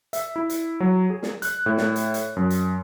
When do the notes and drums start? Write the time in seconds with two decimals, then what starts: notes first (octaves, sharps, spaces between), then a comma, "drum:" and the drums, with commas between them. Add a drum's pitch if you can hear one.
0.13 E5, drum: hi-hat
0.36 E4
0.50 drum: hi-hat
0.80 F#3
1.10 G#4
1.23 drum: snare
1.42 F#6, drum: hi-hat
1.66 A2
1.77 drum: snare
1.96 drum: hi-hat
2.14 drum: hi-hat
2.36 F#2
2.50 drum: hi-hat